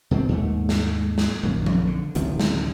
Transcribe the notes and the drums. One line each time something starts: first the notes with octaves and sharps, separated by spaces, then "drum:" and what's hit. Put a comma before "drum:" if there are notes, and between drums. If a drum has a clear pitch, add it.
B2 D#3 G3 C4
D#2 G#2 A3
drum: snare
drum: snare
A#1 F#2 D#3 A#3
drum: tom F3
D3
D1 A1 C3 D#3, drum: hi-hat
drum: snare